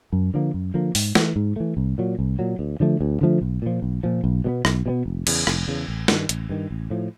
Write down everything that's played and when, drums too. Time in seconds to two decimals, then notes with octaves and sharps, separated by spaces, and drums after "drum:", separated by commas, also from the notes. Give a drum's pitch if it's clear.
0.13 F#2
0.34 D3 F3 A#3
0.54 F#2
0.74 D3 F3 A#3
0.95 G#2, drum: open hi-hat
1.15 E3 A3, drum: snare
1.36 G#2
1.56 E3 A3
1.77 C2
1.98 A#2 F#3
2.19 C2
2.39 A#2 F#3
2.59 D2
2.80 D3 F3 A3
3.01 D2
3.21 D3 F3 A3
3.41 B1
3.62 A#2 F3
3.82 B1
4.03 A#2 F3
4.24 B1
4.44 B2 G3 B3
4.65 B1, drum: rim click
4.86 B2 G3 B3
5.06 F1
5.27 E2 C#3, drum: cymbal
5.47 F1, drum: rim click
5.68 E2 C#3
5.88 A1
6.08 G2 D#3, drum: snare
6.29 A1, drum: hi-hat
6.49 G2 D#3
6.71 A1
6.90 A2 F3